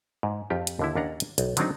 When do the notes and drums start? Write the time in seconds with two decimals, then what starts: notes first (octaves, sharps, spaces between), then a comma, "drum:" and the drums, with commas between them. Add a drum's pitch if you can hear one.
0.23 G#2
0.50 F2 F4 G4
0.67 drum: hi-hat
0.79 D#2 D3 E4
0.95 D#2 C#4 D4 F#5 A#5
1.20 drum: hi-hat
1.38 B1, drum: hi-hat
1.57 D3 D#3 F#3 C4 D4 D#4, drum: hi-hat